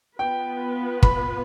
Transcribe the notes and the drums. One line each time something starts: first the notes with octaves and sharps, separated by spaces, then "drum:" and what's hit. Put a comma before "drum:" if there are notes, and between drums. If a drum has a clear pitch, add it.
B3 F4 B4 G5
B5, drum: kick